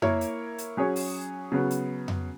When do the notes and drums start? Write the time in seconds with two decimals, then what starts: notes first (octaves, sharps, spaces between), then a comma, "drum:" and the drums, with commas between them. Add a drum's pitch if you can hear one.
0.02 A#3 E4 A#4 C#5, drum: tom F2
0.21 drum: hi-hat
0.58 drum: hi-hat
0.77 F#3 C#4 G#4 C#5
0.96 drum: open hi-hat
1.52 C#3 F#3 B3
1.71 drum: hi-hat
2.08 drum: tom F2